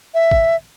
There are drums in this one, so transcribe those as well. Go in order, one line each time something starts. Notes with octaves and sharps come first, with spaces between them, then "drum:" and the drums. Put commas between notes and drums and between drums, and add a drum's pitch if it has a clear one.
E5
drum: kick